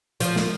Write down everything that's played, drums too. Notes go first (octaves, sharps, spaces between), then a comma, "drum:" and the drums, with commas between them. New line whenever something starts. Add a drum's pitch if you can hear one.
F3, drum: hi-hat
drum: snare